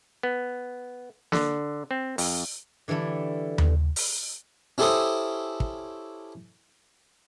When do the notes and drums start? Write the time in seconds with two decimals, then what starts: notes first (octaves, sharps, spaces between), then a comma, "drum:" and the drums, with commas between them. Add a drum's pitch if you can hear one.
0.23 B3
1.32 D3, drum: snare
1.91 C4
2.18 F2, drum: open hi-hat
2.88 D3 E3 G3 A3 E4
3.58 drum: tom D#2
3.96 drum: open hi-hat
4.78 C#4 E4 G4 A4 C5 D#6
5.60 drum: kick